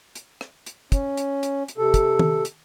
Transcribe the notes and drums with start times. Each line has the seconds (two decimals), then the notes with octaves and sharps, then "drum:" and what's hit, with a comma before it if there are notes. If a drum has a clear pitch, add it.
0.15 drum: hi-hat
0.41 drum: rim click
0.66 drum: hi-hat
0.92 C#4, drum: kick, hi-hat
1.17 drum: hi-hat
1.43 drum: hi-hat
1.68 drum: hi-hat
1.78 C3 A4
1.94 drum: kick, hi-hat
2.19 drum: tom
2.45 drum: hi-hat